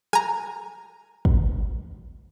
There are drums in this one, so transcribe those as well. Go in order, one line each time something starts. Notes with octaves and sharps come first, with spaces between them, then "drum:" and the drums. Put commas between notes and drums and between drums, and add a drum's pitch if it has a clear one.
G#5 A#5, drum: rim click
drum: kick